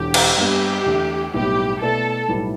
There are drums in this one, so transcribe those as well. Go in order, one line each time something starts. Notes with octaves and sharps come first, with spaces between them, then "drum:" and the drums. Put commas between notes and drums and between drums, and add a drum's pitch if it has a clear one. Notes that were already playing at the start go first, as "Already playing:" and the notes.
Already playing: E1 E2 D3 G4
drum: cymbal
G2 G3 B3 G4
E2 D3 A3
B1 A2 G3 B3 G4
B2 A3 E4 A4 B4 D5
B1 A2 G3 E4 B4